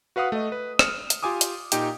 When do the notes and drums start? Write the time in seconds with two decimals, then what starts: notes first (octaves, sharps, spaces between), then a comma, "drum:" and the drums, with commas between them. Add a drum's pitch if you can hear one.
0.16 F#4 B4 F5 F#5 D#6
0.32 A3 D#5
0.52 B4
0.79 D#6 F6 C#7 E7, drum: rim click
1.10 drum: hi-hat
1.23 F4 G4 G#5 D6 D#6
1.41 drum: hi-hat
1.72 A#2 D#4 G4 G5, drum: hi-hat